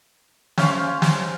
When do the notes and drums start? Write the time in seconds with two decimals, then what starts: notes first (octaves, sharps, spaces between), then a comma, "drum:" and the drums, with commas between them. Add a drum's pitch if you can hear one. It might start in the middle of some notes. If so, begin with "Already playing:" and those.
0.58 C#4 C5 F5, drum: snare
1.02 drum: snare